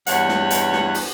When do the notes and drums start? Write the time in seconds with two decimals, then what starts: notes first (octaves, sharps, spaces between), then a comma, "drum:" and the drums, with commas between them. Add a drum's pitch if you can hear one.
0.07 E2 G2 C#5 F#5, drum: hi-hat
0.29 drum: snare
0.50 drum: hi-hat
0.72 drum: snare
0.94 drum: open hi-hat